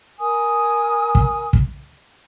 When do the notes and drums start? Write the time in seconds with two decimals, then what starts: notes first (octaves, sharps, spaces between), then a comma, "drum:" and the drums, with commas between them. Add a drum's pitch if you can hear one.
0.19 A#4 G#5 D#6
1.15 drum: kick
1.53 drum: kick